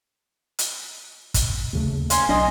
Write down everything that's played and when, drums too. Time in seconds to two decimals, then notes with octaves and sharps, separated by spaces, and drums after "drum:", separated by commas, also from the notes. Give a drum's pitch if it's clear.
0.59 drum: hi-hat
1.34 drum: kick, hi-hat
1.73 D#2 C#3 A3
2.10 C#4 C5 F5, drum: hi-hat
2.29 B1 D4 F4 G#4 D#5